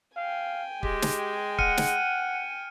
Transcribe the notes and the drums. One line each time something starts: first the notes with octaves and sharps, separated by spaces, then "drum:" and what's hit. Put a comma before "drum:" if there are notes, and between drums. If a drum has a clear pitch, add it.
F5 G5 G#5
G#3 G4, drum: kick
drum: snare
F#5 F6 C#7 D#7, drum: kick
drum: snare